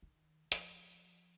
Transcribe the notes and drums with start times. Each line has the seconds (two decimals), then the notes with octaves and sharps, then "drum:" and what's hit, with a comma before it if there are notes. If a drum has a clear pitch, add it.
0.02 D#3
0.52 F3, drum: hi-hat